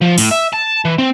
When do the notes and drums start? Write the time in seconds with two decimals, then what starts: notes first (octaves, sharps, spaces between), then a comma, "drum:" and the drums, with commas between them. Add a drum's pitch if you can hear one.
0.01 F3
0.18 A2, drum: open hi-hat
0.31 E5
0.53 A5
0.85 E3
0.98 C4